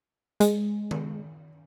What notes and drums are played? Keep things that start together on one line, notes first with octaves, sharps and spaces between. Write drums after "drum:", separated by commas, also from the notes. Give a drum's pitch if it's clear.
G#3, drum: hi-hat
drum: tom D#3